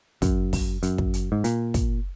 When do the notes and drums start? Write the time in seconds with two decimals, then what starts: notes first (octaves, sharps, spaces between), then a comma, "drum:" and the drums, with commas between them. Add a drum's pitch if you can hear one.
0.22 F#2, drum: kick, hi-hat
0.53 drum: kick, open hi-hat
0.83 F#2, drum: hi-hat
0.98 drum: kick
1.14 drum: hi-hat
1.32 G#2
1.44 A#2, drum: hi-hat
1.74 drum: kick, hi-hat